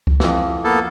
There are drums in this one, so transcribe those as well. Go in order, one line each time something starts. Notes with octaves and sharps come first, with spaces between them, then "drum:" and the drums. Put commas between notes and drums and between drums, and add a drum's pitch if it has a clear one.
drum: kick C#2
F2 E3, drum: snare
A#3 B3 A4